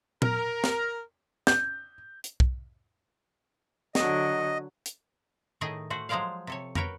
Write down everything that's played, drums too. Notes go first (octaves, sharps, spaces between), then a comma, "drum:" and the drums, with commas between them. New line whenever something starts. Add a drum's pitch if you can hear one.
A#4, drum: tom A#2
drum: snare
G6, drum: snare
drum: hi-hat
drum: kick
D3 F#3 D#5, drum: snare
drum: hi-hat
A2 D#3 A3 G#4 D#5 G5
A3 F#4 C5
F3 F#3 G#3 C5 D5 F5
C3 A4 C#5
F#4 A#4 B4 C#5 G5, drum: tom